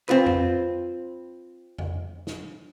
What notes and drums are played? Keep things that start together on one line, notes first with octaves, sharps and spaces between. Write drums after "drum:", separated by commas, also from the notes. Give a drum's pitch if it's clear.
C4 F4 B4, drum: clap
drum: tom F2
drum: tom F2
drum: snare